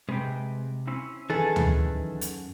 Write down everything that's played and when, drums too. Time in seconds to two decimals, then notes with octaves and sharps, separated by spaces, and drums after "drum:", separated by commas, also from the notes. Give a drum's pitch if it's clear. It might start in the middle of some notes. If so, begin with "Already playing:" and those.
0.09 C3 G#3 B4 G5
0.87 C4 C#4 E4
1.30 F#2 D#3 E3 G#4 A4 B4 A5
1.56 drum: tom D2
2.21 drum: hi-hat